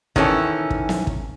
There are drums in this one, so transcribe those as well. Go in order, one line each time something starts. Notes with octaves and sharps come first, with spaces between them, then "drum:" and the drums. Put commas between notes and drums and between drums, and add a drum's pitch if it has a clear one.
D#3 E3 C#4 A4, drum: kick
drum: kick
drum: snare
drum: kick